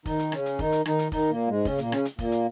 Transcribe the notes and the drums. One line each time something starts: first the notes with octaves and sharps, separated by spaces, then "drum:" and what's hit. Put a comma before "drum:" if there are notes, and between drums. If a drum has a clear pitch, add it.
D#3 D#4, drum: kick, open hi-hat
drum: hi-hat
C#3 C#4, drum: rim click
drum: hi-hat
D#3 D#4, drum: kick, open hi-hat
drum: hi-hat
D#3 D#4, drum: rim click
drum: hi-hat
D#3 D#4, drum: kick, open hi-hat
A#2 A#3
G#2 G#3
C#3 C#4, drum: kick, open hi-hat
A#2 A#3, drum: hi-hat
C#3 C#4, drum: rim click
drum: hi-hat
A#2 A#3, drum: kick, open hi-hat
drum: hi-hat